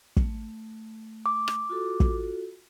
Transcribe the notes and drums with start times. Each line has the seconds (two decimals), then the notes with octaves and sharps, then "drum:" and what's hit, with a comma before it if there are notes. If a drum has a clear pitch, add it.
0.17 A3, drum: kick
1.26 D6
1.48 drum: rim click
1.69 F4 F#4 A4
2.00 drum: kick